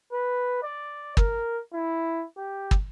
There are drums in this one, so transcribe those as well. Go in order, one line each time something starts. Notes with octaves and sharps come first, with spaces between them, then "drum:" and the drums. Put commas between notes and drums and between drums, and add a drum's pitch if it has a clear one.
B4
D5
A#4, drum: kick
E4
G4
drum: kick